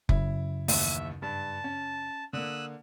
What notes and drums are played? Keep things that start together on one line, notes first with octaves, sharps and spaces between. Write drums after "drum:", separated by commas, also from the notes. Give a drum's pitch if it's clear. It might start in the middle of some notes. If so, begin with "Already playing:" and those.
F#2 C#3 E4, drum: kick F1
A1 D#2 E5, drum: open hi-hat
G2 A5
C#4
D3 A#3 D#6 E6 F#6